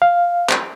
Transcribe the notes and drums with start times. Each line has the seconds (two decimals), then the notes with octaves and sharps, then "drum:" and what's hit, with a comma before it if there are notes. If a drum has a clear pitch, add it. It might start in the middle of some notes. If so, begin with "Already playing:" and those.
0.02 F5
0.50 drum: clap